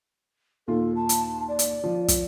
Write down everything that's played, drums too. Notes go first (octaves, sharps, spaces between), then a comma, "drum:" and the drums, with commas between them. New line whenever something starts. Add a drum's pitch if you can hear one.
D#2 A#2 F4 A4
A5
drum: hi-hat
D5
drum: hi-hat
F3
drum: kick, hi-hat